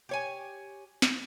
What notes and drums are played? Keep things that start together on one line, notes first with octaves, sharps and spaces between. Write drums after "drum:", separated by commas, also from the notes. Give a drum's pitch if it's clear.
G4 C#5 G#5
drum: snare